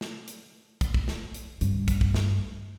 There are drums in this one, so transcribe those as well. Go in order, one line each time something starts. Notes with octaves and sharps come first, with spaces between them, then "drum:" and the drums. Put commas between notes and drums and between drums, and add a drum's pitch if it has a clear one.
drum: snare
drum: hi-hat
drum: kick, hi-hat
drum: kick
drum: snare
drum: hi-hat
G2, drum: hi-hat
drum: kick, hi-hat
drum: kick
drum: snare